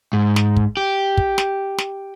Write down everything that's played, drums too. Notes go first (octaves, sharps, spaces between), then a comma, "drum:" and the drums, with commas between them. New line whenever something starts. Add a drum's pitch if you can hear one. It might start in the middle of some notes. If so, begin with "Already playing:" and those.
G#2
drum: snare
drum: kick
G4
drum: kick
drum: snare
drum: snare